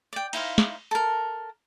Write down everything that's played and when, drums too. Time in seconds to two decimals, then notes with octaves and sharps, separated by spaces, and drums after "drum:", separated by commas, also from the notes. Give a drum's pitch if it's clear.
0.13 D5 G5
0.33 D#4 E4 C5 F5, drum: cymbal
0.58 drum: snare
0.91 A4 A#4